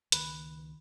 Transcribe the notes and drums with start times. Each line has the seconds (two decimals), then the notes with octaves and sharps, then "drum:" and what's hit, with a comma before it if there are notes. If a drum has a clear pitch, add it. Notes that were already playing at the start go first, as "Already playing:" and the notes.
0.12 C#2 D#3 A#3 B4, drum: hi-hat